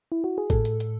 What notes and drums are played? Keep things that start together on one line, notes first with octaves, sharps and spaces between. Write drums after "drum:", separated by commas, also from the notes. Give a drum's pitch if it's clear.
E4
F#4
G#4
A2 A4, drum: kick G#1, hi-hat
drum: hi-hat
drum: hi-hat